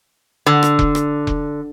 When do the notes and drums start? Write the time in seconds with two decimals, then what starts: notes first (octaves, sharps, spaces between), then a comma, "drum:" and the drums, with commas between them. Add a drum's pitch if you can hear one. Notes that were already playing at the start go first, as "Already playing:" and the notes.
0.46 D3
0.63 drum: rim click
0.79 drum: kick E1
0.95 drum: rim click
1.27 drum: kick E1